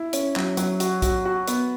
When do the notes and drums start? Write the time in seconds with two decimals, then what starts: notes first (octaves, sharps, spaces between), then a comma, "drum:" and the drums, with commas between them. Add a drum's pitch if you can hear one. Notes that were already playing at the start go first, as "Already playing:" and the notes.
Already playing: E4
0.13 C#4, drum: hi-hat
0.36 F#3, drum: clap
0.57 F#3, drum: hi-hat
0.80 F#4, drum: hi-hat
1.02 F#4, drum: kick, hi-hat
1.25 F#4
1.48 B3, drum: hi-hat